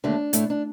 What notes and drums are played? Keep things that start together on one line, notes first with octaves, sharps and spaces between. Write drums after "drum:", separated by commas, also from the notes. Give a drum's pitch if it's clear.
D#2 D3 A3 D4
A2 A3, drum: hi-hat
D4